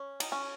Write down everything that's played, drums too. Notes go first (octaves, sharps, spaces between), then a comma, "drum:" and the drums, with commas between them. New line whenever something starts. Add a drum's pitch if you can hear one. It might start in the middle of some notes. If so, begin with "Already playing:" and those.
Already playing: C#4
D#4, drum: cymbal
C#4